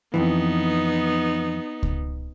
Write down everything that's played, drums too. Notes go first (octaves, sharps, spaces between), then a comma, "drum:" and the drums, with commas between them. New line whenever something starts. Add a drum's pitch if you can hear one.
F2 G#2 E3 B3 D#4
drum: kick C#2